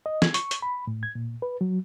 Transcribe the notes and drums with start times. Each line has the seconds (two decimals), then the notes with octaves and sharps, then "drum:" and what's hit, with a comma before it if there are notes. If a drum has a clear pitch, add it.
0.06 D#5
0.22 G#6, drum: snare
0.34 C#6, drum: hi-hat
0.51 drum: hi-hat
0.62 B5
0.87 A2
1.03 G#6
1.15 A#2
1.42 B4
1.61 F#3